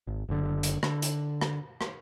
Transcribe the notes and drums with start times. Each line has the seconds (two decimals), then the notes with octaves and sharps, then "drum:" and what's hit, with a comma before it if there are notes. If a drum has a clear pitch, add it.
0.07 G#1
0.29 F#1 D3
0.63 drum: hi-hat
0.83 D3, drum: rim click
1.02 drum: hi-hat
1.41 drum: rim click
1.81 drum: rim click